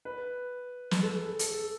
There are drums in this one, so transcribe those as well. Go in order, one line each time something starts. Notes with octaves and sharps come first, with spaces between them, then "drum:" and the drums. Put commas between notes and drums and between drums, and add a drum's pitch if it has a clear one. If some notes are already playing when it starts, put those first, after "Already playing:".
B4
B4, drum: snare
A4
G#4
A4
A4, drum: hi-hat
A4